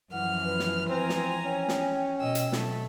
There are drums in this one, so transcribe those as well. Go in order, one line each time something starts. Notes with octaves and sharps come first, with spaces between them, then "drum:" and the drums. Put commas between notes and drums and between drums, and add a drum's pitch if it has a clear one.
F#2 E3 F3 F#5 F6
B4
drum: snare
C4 G#5 A#5
drum: snare
C#4 G5
drum: snare
B2 D#5 E6
drum: hi-hat
F#3 A3, drum: snare